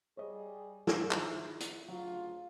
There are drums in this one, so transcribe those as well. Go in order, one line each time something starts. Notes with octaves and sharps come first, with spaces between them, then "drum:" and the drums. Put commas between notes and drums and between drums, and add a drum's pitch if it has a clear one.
G3 G#4 C#5 D#5
drum: snare
D#3 F3 E4 G#4, drum: clap
drum: hi-hat
D2 C#3 F#3 F4